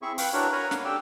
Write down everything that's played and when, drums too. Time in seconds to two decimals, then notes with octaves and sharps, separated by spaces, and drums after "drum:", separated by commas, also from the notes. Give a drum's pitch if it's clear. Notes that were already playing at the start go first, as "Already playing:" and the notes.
0.02 C4 E4 G#4 E5 C#6
0.18 B4 F5 G5 B5 C#6, drum: open hi-hat
0.33 D4 E4 F#4 A#4 B4 C#5
0.52 A#4 C#5 F#5 G#5 A#5 B5
0.71 F5, drum: snare
0.84 D4 G4 A4 D5 G5 E6